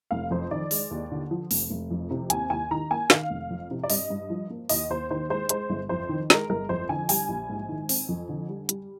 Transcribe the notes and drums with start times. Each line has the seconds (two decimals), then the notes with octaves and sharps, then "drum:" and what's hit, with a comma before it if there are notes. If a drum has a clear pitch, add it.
0.11 F1 F5
0.31 F2 C5
0.51 D#3 D5
0.71 G#3, drum: open hi-hat
0.91 D#2
1.12 D3
1.31 F3
1.51 F1, drum: open hi-hat
1.70 F1
1.91 F2
2.11 C3
2.30 D#2 G#5, drum: hi-hat
2.50 D#2 G#5
2.71 D#3 A#5
2.91 A#3 G#5
3.10 D#3 F5, drum: snare
3.30 F1
3.50 F2
3.71 C3
3.83 D5
3.90 G2 D#5, drum: open hi-hat
4.10 G2
4.30 F3
4.50 A#3
4.69 D#2 D#5, drum: open hi-hat
4.90 D#2 C5
5.10 D#3 C5
5.29 G#3 C5
5.49 G#3 C5, drum: hi-hat
5.70 G1
5.89 F2 C5
6.09 D#3
6.30 G#3 A#4, drum: snare
6.50 G1 A#4
6.69 F2 C5
6.89 D3 G#5
7.09 G3 G#5, drum: open hi-hat
7.29 A#1
7.50 G#2
7.69 D#3
7.89 C4, drum: open hi-hat
8.09 F2
8.29 D3
8.49 G3
8.69 G3, drum: hi-hat